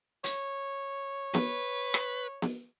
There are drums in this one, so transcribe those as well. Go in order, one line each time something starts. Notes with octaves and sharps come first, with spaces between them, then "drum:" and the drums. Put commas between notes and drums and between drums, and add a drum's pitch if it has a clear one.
C#5, drum: hi-hat
B4, drum: snare B3
drum: rim click
drum: snare B3